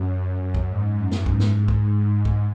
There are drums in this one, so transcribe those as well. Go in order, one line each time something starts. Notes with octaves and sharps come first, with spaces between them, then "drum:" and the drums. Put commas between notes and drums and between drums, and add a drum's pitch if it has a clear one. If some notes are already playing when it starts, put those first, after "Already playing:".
Already playing: F#2
F#2
drum: kick
G#2
F#2
drum: snare
G#2, drum: kick
drum: snare
G#2
drum: kick
drum: kick